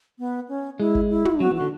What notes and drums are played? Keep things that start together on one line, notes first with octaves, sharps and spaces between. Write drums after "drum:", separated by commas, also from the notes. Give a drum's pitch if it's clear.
B3
C#4
G#3 E4
drum: kick G1
E4
drum: tom
F#3 F#4
E3
D3 F#4